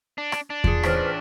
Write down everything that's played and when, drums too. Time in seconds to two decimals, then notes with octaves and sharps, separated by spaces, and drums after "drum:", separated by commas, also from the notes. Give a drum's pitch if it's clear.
0.18 D4
0.32 drum: rim click
0.50 D4
0.64 F4 G#4, drum: kick E2
0.83 A1 B4 C5 F6 B6, drum: rim click